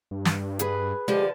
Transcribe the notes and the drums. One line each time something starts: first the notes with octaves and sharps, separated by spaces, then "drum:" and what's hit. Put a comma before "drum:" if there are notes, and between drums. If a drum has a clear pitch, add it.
G2
drum: snare
G#4 B4, drum: hi-hat
D3 F3 G#3 G4 A5